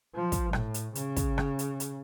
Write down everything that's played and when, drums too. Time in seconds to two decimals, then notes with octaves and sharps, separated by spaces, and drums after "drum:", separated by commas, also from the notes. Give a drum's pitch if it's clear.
0.15 F3
0.32 drum: kick, hi-hat
0.53 A2, drum: rim click
0.74 drum: hi-hat
0.95 C#3, drum: hi-hat
1.16 drum: kick, hi-hat
1.38 drum: rim click
1.59 drum: hi-hat
1.80 drum: hi-hat